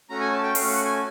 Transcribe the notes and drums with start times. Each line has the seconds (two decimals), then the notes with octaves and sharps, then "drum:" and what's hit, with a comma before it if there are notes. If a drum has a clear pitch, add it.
0.10 A3 C#4 F#4 A#5
0.20 G#5
0.33 A5
0.43 G5
0.55 A3 C#4 F#4 F5, drum: open hi-hat
0.70 F#5
0.85 G#5